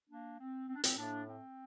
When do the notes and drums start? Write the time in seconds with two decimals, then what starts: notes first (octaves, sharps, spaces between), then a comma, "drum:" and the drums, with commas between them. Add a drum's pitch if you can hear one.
0.10 A#3 D4
0.40 C4
0.69 C4
0.76 D4
0.84 C4, drum: hi-hat
0.97 A2 A3 A#3 D4
1.27 C4